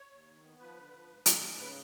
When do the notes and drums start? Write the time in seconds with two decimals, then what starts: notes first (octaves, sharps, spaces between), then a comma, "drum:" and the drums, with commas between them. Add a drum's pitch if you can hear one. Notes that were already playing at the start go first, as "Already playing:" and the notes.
Already playing: C#5
0.10 D#2
0.26 D#3
0.43 B3
0.60 F3 B4
0.75 D3
0.93 F3
1.10 G#2
1.26 G#2, drum: hi-hat
1.42 G#2
1.58 C#3 B4